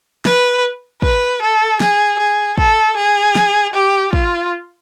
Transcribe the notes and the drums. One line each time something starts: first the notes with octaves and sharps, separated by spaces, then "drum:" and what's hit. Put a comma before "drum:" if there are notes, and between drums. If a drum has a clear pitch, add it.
B4, drum: snare
B4, drum: kick
A4
G#4, drum: snare
G#4
A4, drum: kick
G#4
drum: snare
G4
F4, drum: kick